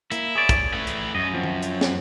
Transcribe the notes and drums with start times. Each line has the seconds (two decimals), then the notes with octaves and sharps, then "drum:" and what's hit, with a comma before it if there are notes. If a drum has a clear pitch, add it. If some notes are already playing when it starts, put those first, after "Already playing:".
0.12 A#3 E4, drum: hi-hat
0.35 G#4 C#5 D5
0.49 drum: kick, hi-hat
0.73 A3 B4
0.87 drum: hi-hat
1.15 F#2 D#5
1.34 F3 C4
1.44 drum: tom D#3
1.62 drum: hi-hat
1.81 drum: snare